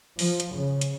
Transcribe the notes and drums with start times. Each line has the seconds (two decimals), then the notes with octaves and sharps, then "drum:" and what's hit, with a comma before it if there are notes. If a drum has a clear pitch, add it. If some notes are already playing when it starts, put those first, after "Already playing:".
0.19 F3, drum: open hi-hat
0.40 drum: hi-hat
0.55 C#3
0.81 drum: hi-hat